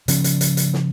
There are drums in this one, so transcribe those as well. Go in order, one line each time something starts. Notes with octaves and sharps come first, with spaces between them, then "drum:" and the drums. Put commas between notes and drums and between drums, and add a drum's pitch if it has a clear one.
C#3 F3 C#4, drum: hi-hat
drum: hi-hat
drum: hi-hat
drum: hi-hat
drum: snare